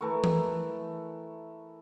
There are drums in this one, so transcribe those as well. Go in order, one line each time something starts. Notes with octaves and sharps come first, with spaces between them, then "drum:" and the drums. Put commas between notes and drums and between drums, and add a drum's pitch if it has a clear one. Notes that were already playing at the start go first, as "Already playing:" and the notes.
E3 A3 A#4 C#6
drum: tom E3